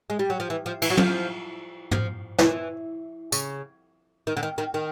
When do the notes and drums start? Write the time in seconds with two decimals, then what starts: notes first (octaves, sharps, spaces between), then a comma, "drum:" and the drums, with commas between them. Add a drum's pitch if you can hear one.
0.10 G#3
0.19 G3
0.30 F#3
0.40 F3
0.50 E3
0.66 F3
0.82 E3, drum: cymbal
0.90 F#3
0.97 F3, drum: tom
1.91 F3, drum: tom
2.39 E3, drum: snare
3.32 C#3, drum: tambourine
4.27 D#3
4.37 D3
4.43 D#3
4.58 D#3
4.74 D#3